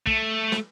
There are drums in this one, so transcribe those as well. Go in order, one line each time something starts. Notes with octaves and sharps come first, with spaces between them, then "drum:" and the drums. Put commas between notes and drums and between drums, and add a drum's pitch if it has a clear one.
A3, drum: kick
drum: snare